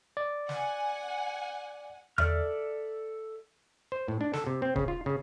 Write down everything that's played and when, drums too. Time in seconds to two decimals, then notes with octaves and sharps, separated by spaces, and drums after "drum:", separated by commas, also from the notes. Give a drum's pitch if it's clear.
0.17 D5
0.49 F#5 G#5, drum: snare
2.18 A4 D5 E5 F6, drum: tom E2
3.92 C5
4.08 A2
4.21 D4
4.33 A4, drum: snare
4.47 C3
4.62 C4
4.76 C#3, drum: kick D#1
4.88 F4
5.06 C#3